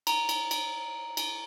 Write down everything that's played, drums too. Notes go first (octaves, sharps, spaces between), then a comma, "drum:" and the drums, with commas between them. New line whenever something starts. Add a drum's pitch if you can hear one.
A#5, drum: cymbal
drum: cymbal
drum: cymbal
drum: cymbal